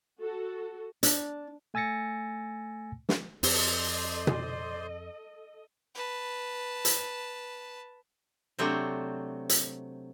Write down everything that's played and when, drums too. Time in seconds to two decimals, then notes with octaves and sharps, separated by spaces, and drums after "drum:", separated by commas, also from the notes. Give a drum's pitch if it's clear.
0.20 F#4 A4
1.03 D4, drum: hi-hat
1.74 A3 G#5 E6 A6 A#6 C#7
3.09 drum: snare
3.43 F2 C4 A4 C5 D5 D#5 C6, drum: open hi-hat
4.27 drum: tom B2
5.94 B4 A5
6.85 drum: hi-hat
8.59 C3 F#3 A3 C4 D4
9.49 drum: hi-hat